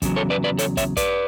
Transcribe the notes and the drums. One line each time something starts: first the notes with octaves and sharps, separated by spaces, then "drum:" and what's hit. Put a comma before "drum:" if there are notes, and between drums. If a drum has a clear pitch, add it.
E2 C#3 F#3, drum: kick, hi-hat
A4 C#5
B4 D5
B4 D5
A4 C#5, drum: hi-hat
C#5 E5, drum: kick, hi-hat
B4 D5, drum: kick, hi-hat